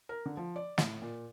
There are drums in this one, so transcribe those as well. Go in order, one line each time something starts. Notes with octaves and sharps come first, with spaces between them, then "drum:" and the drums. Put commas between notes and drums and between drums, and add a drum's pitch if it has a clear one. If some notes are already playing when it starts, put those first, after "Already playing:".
A#4
D3
F3
D5
A2, drum: snare
A#2